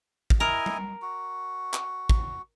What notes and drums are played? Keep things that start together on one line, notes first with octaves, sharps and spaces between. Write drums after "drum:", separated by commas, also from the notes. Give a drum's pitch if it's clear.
drum: kick A1
E4 A#4 D#5 G#5
drum: tom G3
F#4
drum: clap
drum: kick A1